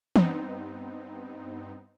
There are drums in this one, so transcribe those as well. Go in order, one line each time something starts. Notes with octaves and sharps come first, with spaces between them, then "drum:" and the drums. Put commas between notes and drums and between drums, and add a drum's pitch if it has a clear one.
G2 B3 C4 D#4, drum: tom